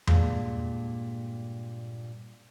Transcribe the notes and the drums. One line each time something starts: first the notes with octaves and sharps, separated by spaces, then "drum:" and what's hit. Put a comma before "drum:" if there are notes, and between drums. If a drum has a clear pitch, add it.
G2 A#2 G#3, drum: tom E2